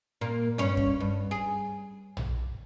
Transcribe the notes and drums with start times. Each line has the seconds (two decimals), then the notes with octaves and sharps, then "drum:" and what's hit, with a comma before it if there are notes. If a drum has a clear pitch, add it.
0.21 A#2 A#3
0.58 G2 C#4 C#5
0.77 drum: kick
1.00 G2
1.31 G#4
2.17 drum: tom